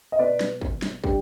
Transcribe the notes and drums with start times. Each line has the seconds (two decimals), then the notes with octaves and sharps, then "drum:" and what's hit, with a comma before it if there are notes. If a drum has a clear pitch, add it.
0.12 D#5
0.19 B2 B3 B4 D5
0.41 drum: snare
0.61 drum: kick
0.82 drum: snare
1.04 D3 G3 G4, drum: kick